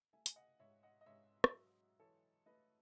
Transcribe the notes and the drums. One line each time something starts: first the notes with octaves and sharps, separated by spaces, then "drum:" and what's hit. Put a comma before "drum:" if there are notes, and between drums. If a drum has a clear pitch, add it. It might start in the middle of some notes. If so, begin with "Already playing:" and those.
A3 E5 G#5
G#5, drum: hi-hat
D#5 F#5
G#2 C#5 E5
D#5 F#5
D#5
G#2 C#5 E5
drum: rim click
F#3
E3 A4 C#5
A3 B4 D#5